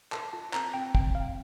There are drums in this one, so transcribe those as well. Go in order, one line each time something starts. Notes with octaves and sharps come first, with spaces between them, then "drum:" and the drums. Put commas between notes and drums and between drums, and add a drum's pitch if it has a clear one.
A4 A5, drum: clap
F4 A5
C4 A#5, drum: clap
C4 G5
C4 G5, drum: kick
C4 F5